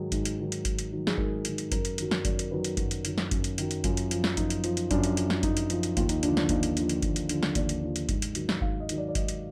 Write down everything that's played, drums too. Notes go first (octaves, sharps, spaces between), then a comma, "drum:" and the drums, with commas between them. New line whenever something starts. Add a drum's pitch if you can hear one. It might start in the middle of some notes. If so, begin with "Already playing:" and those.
Already playing: G#2 D#3 F#3 G#4
G#2, drum: kick G1, hi-hat
drum: hi-hat
D#3 F#3
drum: hi-hat
G#2, drum: kick G1, hi-hat
drum: hi-hat
D#3 F#3
G#4, drum: snare
G#2 A#4, drum: kick G1
D#3 F#3, drum: hi-hat
drum: hi-hat
F#2 A#4, drum: kick G1, hi-hat
drum: hi-hat
D#3 F#3, drum: hi-hat
drum: snare
F#2 D5, drum: kick G1, hi-hat
A#4, drum: hi-hat
D#3 F#3 B4
drum: hi-hat
F#2 F#4, drum: kick G1, hi-hat
drum: hi-hat
D#3 F#3, drum: hi-hat
drum: snare
F#2, drum: kick G1, hi-hat
drum: hi-hat
D#3 F#3, drum: hi-hat
drum: hi-hat
F#2 F4, drum: kick G1, hi-hat
drum: hi-hat
F3, drum: hi-hat
drum: snare
F#2 D#4, drum: kick G1, hi-hat
drum: hi-hat
F3, drum: hi-hat
drum: hi-hat
F#2 D4, drum: kick G1, hi-hat
drum: hi-hat
F3, drum: hi-hat
drum: snare
F#2 D#4, drum: kick G1, hi-hat
drum: hi-hat
F3, drum: hi-hat
drum: hi-hat
D#2 F4, drum: kick G1, hi-hat
D#4, drum: hi-hat
D3 F3 D4, drum: hi-hat
D4, drum: snare
D#2 D#4, drum: kick G1, hi-hat
drum: hi-hat
D3 F3, drum: hi-hat
drum: hi-hat
D#2, drum: kick G1, hi-hat
drum: hi-hat
D3 F3, drum: hi-hat
drum: snare
D#2 D5, drum: kick G1, hi-hat
drum: hi-hat
D3 F3
drum: hi-hat
G#2, drum: kick G1, hi-hat
drum: hi-hat
D#3 F#3, drum: hi-hat
drum: snare
G#2 F5, drum: kick G1
D#5
D#3 F#3, drum: hi-hat
D5
D5
G#2 D#5, drum: kick G1, hi-hat
drum: hi-hat